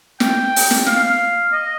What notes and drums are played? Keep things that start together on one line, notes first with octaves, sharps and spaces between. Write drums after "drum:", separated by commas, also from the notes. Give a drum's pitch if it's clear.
G5, drum: snare
drum: open hi-hat
drum: snare
F5, drum: snare
D#5